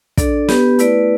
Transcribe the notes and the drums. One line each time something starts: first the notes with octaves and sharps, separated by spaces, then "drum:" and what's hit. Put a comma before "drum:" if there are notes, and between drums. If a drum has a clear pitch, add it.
D4 A4 D5, drum: kick, hi-hat
B3 G4 B4, drum: snare
A3 E4 B4 D5, drum: hi-hat